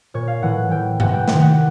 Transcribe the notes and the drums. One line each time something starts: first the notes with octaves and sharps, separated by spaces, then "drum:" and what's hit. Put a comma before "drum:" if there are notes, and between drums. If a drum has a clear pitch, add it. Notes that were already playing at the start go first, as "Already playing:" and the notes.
A#2 C#5
F5
A2 E3 F#5
A2 E3 G5
C3 E3 F#5, drum: tom G2
G5
C3 D#3, drum: snare
F#5